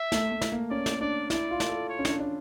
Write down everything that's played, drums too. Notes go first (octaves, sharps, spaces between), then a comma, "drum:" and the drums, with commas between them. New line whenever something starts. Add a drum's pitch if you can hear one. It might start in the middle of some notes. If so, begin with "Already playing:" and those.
Already playing: E5
A3, drum: snare
A3
drum: snare
A#3
C#4 D5
drum: snare
D4 D5
E4 D5, drum: snare
F4
drum: snare
A4
C#5
C#4
D4, drum: snare
D4